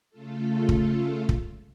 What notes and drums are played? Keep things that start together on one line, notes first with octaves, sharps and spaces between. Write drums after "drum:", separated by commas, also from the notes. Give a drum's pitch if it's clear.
C#3 A3 F4 A4
drum: kick
drum: kick